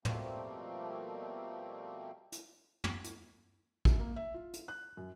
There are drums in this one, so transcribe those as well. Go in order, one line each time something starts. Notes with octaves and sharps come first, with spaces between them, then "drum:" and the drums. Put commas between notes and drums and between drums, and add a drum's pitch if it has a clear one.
B2 F3 G3 A3 A#3 C4, drum: tom
drum: hi-hat
drum: tom
drum: hi-hat
F#2, drum: kick
A#3
E5
F4
drum: hi-hat
F#6
F#2